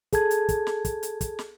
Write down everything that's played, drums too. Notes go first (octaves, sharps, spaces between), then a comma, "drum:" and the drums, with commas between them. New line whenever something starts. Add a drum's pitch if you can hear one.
G#4 A4 A5 G#6, drum: kick, hi-hat
drum: hi-hat
drum: kick, hi-hat
drum: snare
drum: kick, hi-hat
drum: hi-hat
drum: kick, hi-hat
drum: snare